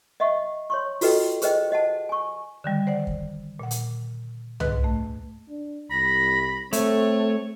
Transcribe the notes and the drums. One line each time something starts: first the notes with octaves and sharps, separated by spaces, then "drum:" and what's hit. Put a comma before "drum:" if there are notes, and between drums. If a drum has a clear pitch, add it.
D#5 E5 F#5 C#6
C#5 C6 C#6
F4 F#4 A4 B4 D#5 G5, drum: open hi-hat
G#4 B4 C5 D#5 G5, drum: hi-hat
C5 D#5 F#5 A5
G#5 C#6
D3 D#3 G3
C5 D5 F#5
drum: kick
A#2 F#5
drum: hi-hat
D2 G#2 B4 D#5 F#6, drum: tom
A3
D4
C2 B5 A#6
A3 C4 A4 C#5, drum: hi-hat